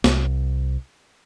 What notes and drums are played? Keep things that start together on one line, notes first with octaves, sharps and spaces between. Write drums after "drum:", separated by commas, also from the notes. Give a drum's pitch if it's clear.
C2, drum: snare